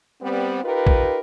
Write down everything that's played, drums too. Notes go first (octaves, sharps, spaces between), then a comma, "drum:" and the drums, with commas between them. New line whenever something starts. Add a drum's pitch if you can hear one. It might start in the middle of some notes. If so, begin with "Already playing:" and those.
G3 B3 C4
D#4 F4 G4 A#4 B4
drum: kick A#1